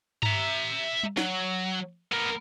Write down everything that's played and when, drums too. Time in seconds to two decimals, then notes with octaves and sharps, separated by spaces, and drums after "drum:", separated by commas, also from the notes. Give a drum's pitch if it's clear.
0.23 E5 A#5, drum: tom G2
1.03 drum: tom G3
1.17 F#3, drum: snare
2.12 B3 A#4